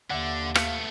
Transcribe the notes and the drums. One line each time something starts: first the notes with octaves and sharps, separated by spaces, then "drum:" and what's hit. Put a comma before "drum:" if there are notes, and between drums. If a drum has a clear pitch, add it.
D#2 D3 E5 F#5
A3 B3 F5, drum: rim click